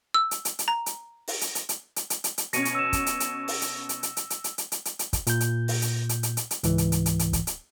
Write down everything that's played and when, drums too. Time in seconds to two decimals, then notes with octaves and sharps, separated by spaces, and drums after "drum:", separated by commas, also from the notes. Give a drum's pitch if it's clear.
0.14 E6
0.31 drum: hi-hat
0.45 drum: hi-hat
0.59 drum: hi-hat
0.68 A#5
0.86 drum: hi-hat
1.28 drum: open hi-hat
1.41 drum: hi-hat
1.55 drum: hi-hat
1.69 drum: hi-hat
1.96 drum: hi-hat
2.10 drum: hi-hat
2.24 drum: hi-hat
2.38 drum: hi-hat
2.53 B2 C#4 A#6 C#7 D#7, drum: hi-hat
2.65 drum: hi-hat
2.75 E6 E7
2.93 drum: kick, hi-hat
3.06 drum: hi-hat
3.20 drum: hi-hat
3.48 drum: open hi-hat
3.62 drum: hi-hat
3.89 drum: hi-hat
4.03 drum: hi-hat
4.17 drum: hi-hat
4.30 drum: hi-hat
4.44 drum: hi-hat
4.58 drum: hi-hat
4.72 drum: hi-hat
4.85 drum: hi-hat
4.99 drum: hi-hat
5.13 drum: kick, hi-hat
5.27 A#2 G6, drum: hi-hat
5.40 drum: hi-hat
5.68 drum: open hi-hat
5.82 drum: hi-hat
6.09 drum: hi-hat
6.23 drum: hi-hat
6.37 drum: hi-hat
6.51 drum: hi-hat
6.63 C#2 G#2 E3, drum: hi-hat
6.78 drum: hi-hat
6.92 drum: hi-hat
7.06 drum: hi-hat
7.19 drum: hi-hat
7.33 drum: kick, hi-hat
7.47 drum: hi-hat